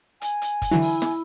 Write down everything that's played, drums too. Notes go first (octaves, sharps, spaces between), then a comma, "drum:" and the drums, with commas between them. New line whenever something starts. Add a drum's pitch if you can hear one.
G#5, drum: hi-hat
drum: hi-hat
drum: kick F#1, hi-hat
D3 E3 F#3 E4
drum: open hi-hat
drum: snare